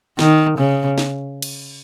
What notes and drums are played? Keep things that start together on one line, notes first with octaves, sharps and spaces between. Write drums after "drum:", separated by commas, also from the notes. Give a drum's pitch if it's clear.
D#3, drum: snare
C#3
drum: snare
drum: cymbal